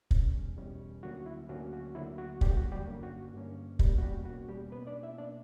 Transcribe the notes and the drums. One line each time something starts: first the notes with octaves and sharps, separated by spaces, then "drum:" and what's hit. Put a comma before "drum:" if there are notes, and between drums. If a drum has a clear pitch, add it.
E2 B2 G3 C#4, drum: kick
E2 B2 G3 C#4
D2 D3 F#3 A#3 C#4 F#4
E4
D2 D3 F#3 A#3 C#4 F#4
F#4
D2 D3 F#3 A#3 E4
F#4
D2 D3 F#3 G3 A#3 G4, drum: kick
F#4
G3 G4
G2 D3 A#3 C#4
F#4
G2 D3 A#3 C#4
E2 B2 G3 A#3 C#4 G4, drum: kick
F#4
G3 G4
E2 B2 A#3 C#4 F#4
G3 G4
B2 A#3 B3 C#4 B4
D4 D5
E4 E5
B2 A#3 C#4 D4 D5